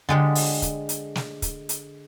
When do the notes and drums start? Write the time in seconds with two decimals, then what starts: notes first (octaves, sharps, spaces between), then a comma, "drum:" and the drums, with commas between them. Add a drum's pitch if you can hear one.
0.09 D3 G#3 G4
0.35 drum: open hi-hat
0.62 drum: kick, hi-hat
0.89 drum: hi-hat
1.16 drum: snare
1.42 drum: kick, hi-hat
1.69 drum: hi-hat